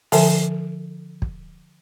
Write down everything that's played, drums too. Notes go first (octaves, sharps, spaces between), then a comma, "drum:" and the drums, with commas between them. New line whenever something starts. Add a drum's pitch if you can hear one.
D3 F3 A4 A#4 E5 G#5, drum: open hi-hat
drum: kick